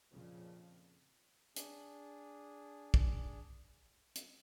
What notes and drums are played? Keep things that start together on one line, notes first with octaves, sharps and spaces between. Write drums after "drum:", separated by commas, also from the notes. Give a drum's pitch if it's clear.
F2 A#2 C#3 F3
D4 G#4, drum: hi-hat
drum: kick
drum: hi-hat